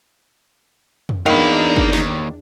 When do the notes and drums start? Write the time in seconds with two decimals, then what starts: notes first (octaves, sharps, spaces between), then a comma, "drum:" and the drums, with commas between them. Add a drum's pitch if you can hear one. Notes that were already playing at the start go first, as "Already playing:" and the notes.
1.09 drum: tom F2
1.26 E2 D#3 F#3 D4 D#4 A#4 F5 B5
1.76 drum: kick
1.93 D#2, drum: snare